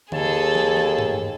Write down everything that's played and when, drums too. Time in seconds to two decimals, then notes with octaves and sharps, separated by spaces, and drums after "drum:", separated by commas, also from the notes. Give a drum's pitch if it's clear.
0.12 D#2 G#4 A4, drum: tom D3
0.55 drum: snare
0.77 drum: snare
0.99 drum: tom G2